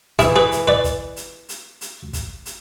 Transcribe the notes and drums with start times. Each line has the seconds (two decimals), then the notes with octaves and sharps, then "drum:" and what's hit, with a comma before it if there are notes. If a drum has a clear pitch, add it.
0.19 E3 E4 G#4, drum: hi-hat
0.36 G#4 B4
0.52 drum: hi-hat
0.68 B4 D5
0.84 drum: kick, hi-hat
1.16 drum: hi-hat
1.49 drum: hi-hat
1.81 drum: hi-hat
2.13 drum: kick, hi-hat
2.46 drum: hi-hat